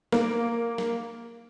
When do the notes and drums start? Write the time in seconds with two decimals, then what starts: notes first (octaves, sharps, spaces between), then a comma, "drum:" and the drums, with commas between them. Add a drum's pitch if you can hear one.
0.12 A#3, drum: snare
0.78 drum: snare